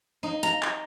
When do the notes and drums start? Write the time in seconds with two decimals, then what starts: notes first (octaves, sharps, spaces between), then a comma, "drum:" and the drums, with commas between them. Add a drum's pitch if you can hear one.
0.23 D#4
0.43 A#5, drum: hi-hat
0.63 drum: clap